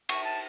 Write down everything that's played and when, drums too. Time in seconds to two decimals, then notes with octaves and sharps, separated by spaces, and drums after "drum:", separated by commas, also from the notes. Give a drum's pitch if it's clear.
0.09 C#6, drum: cymbal
0.24 A5